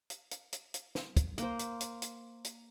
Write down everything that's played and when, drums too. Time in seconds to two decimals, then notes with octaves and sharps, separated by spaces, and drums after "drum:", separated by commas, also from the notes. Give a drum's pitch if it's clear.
0.10 drum: hi-hat
0.31 drum: hi-hat
0.53 drum: hi-hat
0.74 drum: hi-hat
0.95 drum: snare
1.17 drum: kick, hi-hat
1.38 A#3 C5, drum: hi-hat
1.59 drum: hi-hat
1.81 drum: hi-hat
2.02 drum: hi-hat
2.44 drum: hi-hat